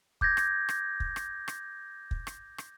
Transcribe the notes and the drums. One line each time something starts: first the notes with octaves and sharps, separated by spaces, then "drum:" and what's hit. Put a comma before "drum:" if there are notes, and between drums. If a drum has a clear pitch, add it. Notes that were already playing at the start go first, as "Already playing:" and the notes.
D6 G6 G#6 A#6, drum: kick
drum: rim click
drum: rim click
drum: kick
drum: rim click
drum: rim click
drum: kick
drum: rim click
drum: rim click